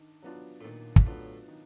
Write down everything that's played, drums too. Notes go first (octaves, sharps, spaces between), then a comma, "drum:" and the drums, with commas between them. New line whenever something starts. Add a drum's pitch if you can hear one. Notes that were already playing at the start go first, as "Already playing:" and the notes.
Already playing: D#3 D4
F#3 B3 D4 F4
A2
A#2 D#3
G#2, drum: kick
A2 F#3 B3 D4 F4
D#3